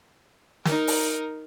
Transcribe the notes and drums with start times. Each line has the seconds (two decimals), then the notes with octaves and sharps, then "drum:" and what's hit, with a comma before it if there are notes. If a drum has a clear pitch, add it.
0.65 D#4 A#4, drum: snare
0.87 drum: open hi-hat